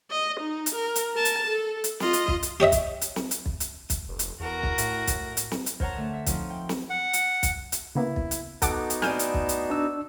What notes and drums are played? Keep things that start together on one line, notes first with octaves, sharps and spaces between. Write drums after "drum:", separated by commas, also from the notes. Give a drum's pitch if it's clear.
D#5
D#4
drum: hi-hat
A#4
drum: hi-hat
A#4 A5
drum: hi-hat
A4
drum: hi-hat
F4 D#5, drum: snare
drum: hi-hat
drum: kick
drum: hi-hat
G4 C#5 D#5 E5
drum: kick, hi-hat
drum: hi-hat
drum: snare
drum: hi-hat
drum: kick
drum: hi-hat
drum: kick, hi-hat
F1
drum: hi-hat
E2 F#4 A#4
drum: kick
A2, drum: hi-hat
drum: kick, hi-hat
drum: hi-hat
drum: snare
drum: hi-hat
A#4 C5 C#5 F#5 A5 A#5, drum: kick
D3 A3
E5
F3 C4 C#4 D#4, drum: kick, hi-hat
G5
drum: snare
F#5
drum: hi-hat
drum: kick, hi-hat
drum: hi-hat
C#3 A#3 B3 E4
drum: kick
drum: hi-hat
B3 D#4 F#4 A4 F#5 D6, drum: kick, hi-hat
drum: hi-hat
A2 D4 G#5 F6 G6 D#7, drum: snare
drum: hi-hat
drum: kick
drum: hi-hat
D4 E6